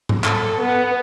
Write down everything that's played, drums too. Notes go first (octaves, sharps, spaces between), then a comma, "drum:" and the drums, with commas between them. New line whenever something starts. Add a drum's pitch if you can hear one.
drum: tom G#2
A4, drum: clap
B3